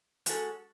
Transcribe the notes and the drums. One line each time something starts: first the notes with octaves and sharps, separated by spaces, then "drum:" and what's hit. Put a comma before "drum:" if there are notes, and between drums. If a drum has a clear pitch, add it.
G#3 C#4 F#4 A4, drum: hi-hat